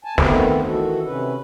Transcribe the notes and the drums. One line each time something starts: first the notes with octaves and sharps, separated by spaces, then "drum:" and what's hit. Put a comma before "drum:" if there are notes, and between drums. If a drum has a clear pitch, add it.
G#5 A5
D#3 A3 B3 C4, drum: snare
D#3 E3 F#4 A4
C3 C#4 B4